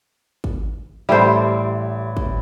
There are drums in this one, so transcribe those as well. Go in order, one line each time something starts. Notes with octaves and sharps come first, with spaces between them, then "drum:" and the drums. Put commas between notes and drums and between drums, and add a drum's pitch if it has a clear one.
drum: kick
A1 G3 E4 A4 C5
drum: kick